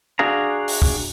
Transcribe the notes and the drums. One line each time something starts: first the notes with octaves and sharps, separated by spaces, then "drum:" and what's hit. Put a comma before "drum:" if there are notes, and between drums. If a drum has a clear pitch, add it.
D4 F#4 G#4 F5 A#5
drum: open hi-hat
drum: kick